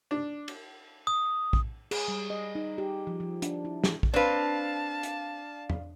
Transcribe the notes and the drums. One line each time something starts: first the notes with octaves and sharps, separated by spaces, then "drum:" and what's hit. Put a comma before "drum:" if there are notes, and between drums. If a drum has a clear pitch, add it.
D4
drum: cymbal
D#6
drum: kick A#1
G#4, drum: cymbal
G3
D#5
D#4
G4
F3
F3
D4, drum: hi-hat
E4
E3, drum: snare
drum: kick A#1
C4 D4 B4 D5 F5 A5
drum: hi-hat
drum: tom E2